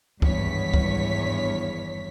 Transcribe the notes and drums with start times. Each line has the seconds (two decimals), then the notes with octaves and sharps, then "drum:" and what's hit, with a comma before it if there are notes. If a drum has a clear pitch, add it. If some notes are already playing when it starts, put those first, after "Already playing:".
0.22 G#1 E2 G2 C#5 B6, drum: kick
0.74 drum: kick